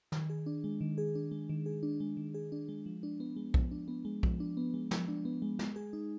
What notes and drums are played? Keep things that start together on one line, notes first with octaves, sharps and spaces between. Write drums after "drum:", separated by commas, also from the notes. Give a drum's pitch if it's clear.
D#3, drum: snare
G#4
D4
G#3
D#3
G#4
D4
G#3
D#3
G#4
D4
G#3
D#3
G#4
D4
G#3
F3
D4
B3
G#3
F3, drum: kick B1
D4
B3
G#3
F3, drum: kick B1
D4
B3
G#3
F3, drum: snare
D4
B3
G#3
G#3, drum: snare
G#4
D#4